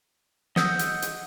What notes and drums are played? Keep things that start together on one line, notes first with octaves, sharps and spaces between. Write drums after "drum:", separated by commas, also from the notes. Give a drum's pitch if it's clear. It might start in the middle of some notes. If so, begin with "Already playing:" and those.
D#5 F#5 D#6 E6 G6, drum: snare
drum: hi-hat
drum: hi-hat